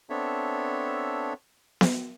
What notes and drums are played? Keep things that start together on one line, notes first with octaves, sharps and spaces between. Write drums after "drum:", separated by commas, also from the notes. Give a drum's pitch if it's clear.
B3 C4 D4 A4 C#5 E5
drum: snare B3